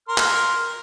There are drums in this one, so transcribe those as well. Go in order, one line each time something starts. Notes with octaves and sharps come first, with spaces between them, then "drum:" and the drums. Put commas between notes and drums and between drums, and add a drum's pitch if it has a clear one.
A#4 C6 F6
drum: clap